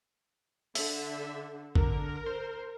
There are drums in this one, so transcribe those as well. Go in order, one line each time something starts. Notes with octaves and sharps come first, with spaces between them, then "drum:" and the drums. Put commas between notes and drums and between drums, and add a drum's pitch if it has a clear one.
D3 E5, drum: open hi-hat
D3 A#4, drum: kick A1
C5